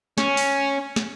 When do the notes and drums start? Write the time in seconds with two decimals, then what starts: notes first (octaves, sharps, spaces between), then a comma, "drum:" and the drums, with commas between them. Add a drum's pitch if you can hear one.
0.18 C#4, drum: snare
0.37 drum: open hi-hat
0.96 drum: snare